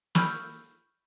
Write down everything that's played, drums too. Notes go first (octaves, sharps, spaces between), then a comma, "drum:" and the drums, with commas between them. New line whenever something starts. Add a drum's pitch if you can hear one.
B5 C#6 E6 F6 G6, drum: snare